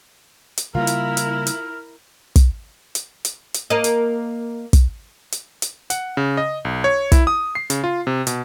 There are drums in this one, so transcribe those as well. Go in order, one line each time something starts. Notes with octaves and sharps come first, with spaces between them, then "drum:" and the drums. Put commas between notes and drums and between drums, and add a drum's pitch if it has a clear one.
drum: hi-hat
C#3 G3 A#3 E4 F4 A#4 F6
drum: hi-hat
drum: hi-hat
drum: hi-hat
drum: kick, hi-hat
drum: hi-hat
drum: hi-hat
drum: hi-hat
A#3 D#5
drum: hi-hat
drum: kick, hi-hat
drum: hi-hat
drum: hi-hat
F#5, drum: hi-hat
C#3
D#5
B1
C#5
E4, drum: kick, hi-hat
D#6
C7
C#3, drum: hi-hat
F4
C3
B2, drum: hi-hat